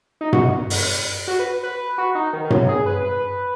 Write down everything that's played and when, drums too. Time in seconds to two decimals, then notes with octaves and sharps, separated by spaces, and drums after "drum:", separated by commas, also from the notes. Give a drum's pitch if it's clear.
0.21 D#4
0.33 F#4, drum: tom G2
0.70 drum: open hi-hat
1.28 F#4
1.39 B4
1.63 B4
1.98 F#4
2.15 D#4
2.33 D#3
2.45 D#3
2.50 F#3, drum: tom G2
2.69 G#4
2.86 B4
3.04 B4